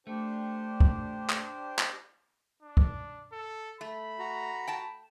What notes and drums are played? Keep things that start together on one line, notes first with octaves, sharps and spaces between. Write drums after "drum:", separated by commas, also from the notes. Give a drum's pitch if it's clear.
A3 D4 G4 C5
drum: kick
drum: clap
drum: clap
D4
drum: kick
A4
A3 B5
F#4 A#5
G5 A5